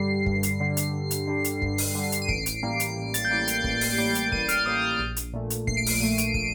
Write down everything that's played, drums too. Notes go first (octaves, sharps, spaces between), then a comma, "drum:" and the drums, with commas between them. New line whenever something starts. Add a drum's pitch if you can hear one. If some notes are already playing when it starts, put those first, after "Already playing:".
Already playing: G2 D3 G3 C7
G2, drum: kick
drum: hi-hat
D3 G3
drum: hi-hat
G2
drum: hi-hat
D3 G3
drum: hi-hat
G2, drum: kick
drum: open hi-hat
D3 G3
drum: hi-hat
D#7
A1 D7, drum: kick
drum: hi-hat
A2 G3 A#3
drum: hi-hat
A1
A6, drum: hi-hat
G6
A2 G3 A#3 A6
C7, drum: hi-hat
A1 D7, drum: kick
drum: open hi-hat
A2 G3 A#3 D7
drum: hi-hat
A1 D#7, drum: kick
F6, drum: hi-hat
A2 G3 A#3 D#6
A#1
drum: hi-hat
A#2 A3
drum: hi-hat
A#1 C7, drum: kick
D7
C7, drum: open hi-hat
A#2 A3 D#7
drum: hi-hat
D7, drum: kick